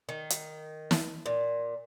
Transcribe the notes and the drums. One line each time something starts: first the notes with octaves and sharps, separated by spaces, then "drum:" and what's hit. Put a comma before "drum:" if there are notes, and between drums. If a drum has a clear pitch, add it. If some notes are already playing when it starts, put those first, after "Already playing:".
D#3
drum: hi-hat
drum: snare
A#2